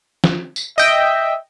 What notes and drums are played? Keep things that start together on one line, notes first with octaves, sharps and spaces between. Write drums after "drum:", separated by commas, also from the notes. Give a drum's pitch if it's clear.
drum: snare
drum: tambourine
D#5 E5 G5